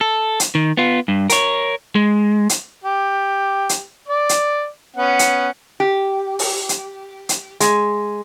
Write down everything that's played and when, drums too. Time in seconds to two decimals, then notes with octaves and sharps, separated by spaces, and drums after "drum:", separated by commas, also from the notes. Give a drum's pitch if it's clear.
0.01 A4
0.40 drum: hi-hat
0.55 D#3
0.77 B3 F4
1.08 G2
1.30 A#4 C#5, drum: hi-hat
1.95 G#3
2.49 drum: hi-hat
2.84 G4
3.69 drum: hi-hat
4.08 D5 D6
4.29 drum: hi-hat
4.97 B3 C#4 F#5
5.19 drum: hi-hat
5.80 G4
6.39 drum: open hi-hat
6.69 drum: hi-hat
7.29 drum: hi-hat
7.60 G#3, drum: hi-hat